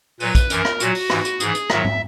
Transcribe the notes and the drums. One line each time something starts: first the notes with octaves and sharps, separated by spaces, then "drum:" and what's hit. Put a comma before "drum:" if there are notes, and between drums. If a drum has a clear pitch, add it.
A#2 F#3 B4, drum: open hi-hat
drum: kick, hi-hat
F#2 E3 A#4, drum: hi-hat
drum: rim click
A#2 F#3 F#4, drum: hi-hat
drum: open hi-hat
G#2 E3, drum: rim click
drum: hi-hat
G#2 E3 G#4, drum: hi-hat
drum: hi-hat
G#2 D#3 F#3 E5, drum: rim click
drum: tom G#2